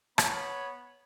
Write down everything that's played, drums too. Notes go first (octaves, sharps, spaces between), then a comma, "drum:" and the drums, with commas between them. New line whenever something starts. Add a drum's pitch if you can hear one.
B3 C#5 B5, drum: rim click